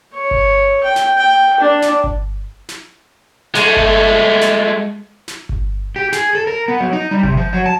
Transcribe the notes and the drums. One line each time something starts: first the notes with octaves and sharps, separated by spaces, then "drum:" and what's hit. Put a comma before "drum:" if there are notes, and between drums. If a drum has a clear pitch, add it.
C#5
drum: kick G1
G5
drum: snare
G5
D4
drum: snare
drum: kick G1
drum: snare
G#3 A3, drum: snare
drum: kick G1
drum: snare
drum: snare
drum: kick G1
G4
G#4, drum: snare
A4
A#4
B3
F#3
D#4
G3
C3, drum: kick G1
F3
F#3
A5